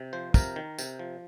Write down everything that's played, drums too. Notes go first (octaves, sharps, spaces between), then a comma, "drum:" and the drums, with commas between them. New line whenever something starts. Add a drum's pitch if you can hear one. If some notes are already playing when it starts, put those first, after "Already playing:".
Already playing: C3
F3 C5
C3 A#4, drum: kick, tambourine
D#3
C3, drum: tambourine
F3